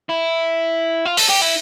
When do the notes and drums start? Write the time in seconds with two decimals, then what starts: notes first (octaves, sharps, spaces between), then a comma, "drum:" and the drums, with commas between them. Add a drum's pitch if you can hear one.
0.09 E4
1.06 F4
1.17 A4, drum: open hi-hat
1.29 G4
1.42 E4